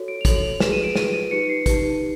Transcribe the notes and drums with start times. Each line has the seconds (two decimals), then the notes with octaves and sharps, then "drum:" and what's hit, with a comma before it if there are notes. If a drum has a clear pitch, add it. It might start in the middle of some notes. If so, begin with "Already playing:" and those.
Already playing: F#4 A4 C#5
0.08 D7
0.21 F7
0.25 F#4 A4 C#5 F#7, drum: kick, hi-hat
0.35 F#7
0.43 F7
0.60 F4 G#4 B4 E7, drum: snare
0.72 D#7
0.83 D7
0.96 F4 G#4 B4 D#7, drum: snare
1.13 D#7
1.31 D#4 G4 B4 C#7
1.49 C7
1.66 D#4 G4 B4, drum: kick, hi-hat